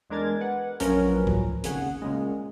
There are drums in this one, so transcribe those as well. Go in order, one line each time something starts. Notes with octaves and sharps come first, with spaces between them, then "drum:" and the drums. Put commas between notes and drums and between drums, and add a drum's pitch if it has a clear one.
E2 G#3 D4 A#4 G#6 A6
B4 F#5
A#1 F#2 F3 C#4 A#4 B4, drum: hi-hat
drum: kick C#2
G#1 D#2 C#3 G#4 F#5, drum: hi-hat
A#2 C#3 G#3